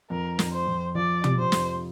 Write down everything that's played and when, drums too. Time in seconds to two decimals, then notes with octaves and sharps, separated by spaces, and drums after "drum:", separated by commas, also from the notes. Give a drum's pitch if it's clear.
0.10 F2 A#4
0.39 F2, drum: snare
0.53 C5
0.67 F2
0.95 F3 D5
1.24 C3, drum: tom
1.38 C5
1.52 F2, drum: snare